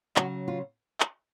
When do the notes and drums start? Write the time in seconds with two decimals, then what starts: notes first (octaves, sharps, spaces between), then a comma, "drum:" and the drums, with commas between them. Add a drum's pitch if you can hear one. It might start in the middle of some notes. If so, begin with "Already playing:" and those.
0.16 C#3 F#3 F#4, drum: clap
0.48 F4
1.00 drum: clap